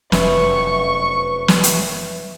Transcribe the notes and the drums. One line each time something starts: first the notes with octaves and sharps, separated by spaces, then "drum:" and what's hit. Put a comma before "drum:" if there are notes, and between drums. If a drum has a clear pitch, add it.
F1 F#2 B4 E5 C#6, drum: snare
drum: snare
drum: hi-hat